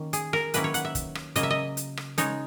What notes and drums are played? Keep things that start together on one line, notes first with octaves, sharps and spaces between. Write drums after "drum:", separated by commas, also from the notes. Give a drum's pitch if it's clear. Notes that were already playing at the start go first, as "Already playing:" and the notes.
Already playing: D#3 A#3 C#4
G#4, drum: hi-hat
A#4, drum: rim click
D#3 F#3 A#3 C#4 E4 B4, drum: hi-hat
C#5
F#5, drum: hi-hat
E5
drum: kick, hi-hat
drum: rim click
C#3 F#3 A#3 D#5, drum: hi-hat
E5
D#5
drum: hi-hat
drum: rim click
C#3 G#3 D#4 C#5, drum: hi-hat